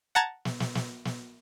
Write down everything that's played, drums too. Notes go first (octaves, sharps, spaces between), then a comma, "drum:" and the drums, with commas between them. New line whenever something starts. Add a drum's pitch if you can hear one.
F#5 A5 A#5 G#6 A6
drum: snare
drum: snare
drum: snare
drum: snare